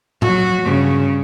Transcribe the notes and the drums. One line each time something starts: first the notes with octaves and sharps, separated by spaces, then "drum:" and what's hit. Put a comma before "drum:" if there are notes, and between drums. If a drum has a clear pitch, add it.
F#3 F#4, drum: tom A2
G2 C#3